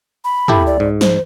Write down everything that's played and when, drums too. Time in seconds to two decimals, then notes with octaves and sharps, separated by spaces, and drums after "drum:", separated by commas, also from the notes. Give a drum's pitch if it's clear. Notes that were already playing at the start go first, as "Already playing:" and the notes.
0.25 B5
0.48 E4 G4 A4, drum: tom
0.67 D5
0.80 G#2
1.01 C5, drum: snare